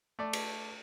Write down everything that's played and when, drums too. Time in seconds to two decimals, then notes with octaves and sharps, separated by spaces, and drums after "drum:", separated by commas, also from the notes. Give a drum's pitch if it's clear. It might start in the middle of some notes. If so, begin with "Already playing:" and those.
0.19 A3 D5
0.33 drum: cymbal